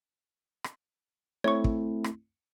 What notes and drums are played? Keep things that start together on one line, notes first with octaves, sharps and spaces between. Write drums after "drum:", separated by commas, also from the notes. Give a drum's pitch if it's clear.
drum: rim click
A3 C4 E4 C#5 C#6
drum: kick
drum: rim click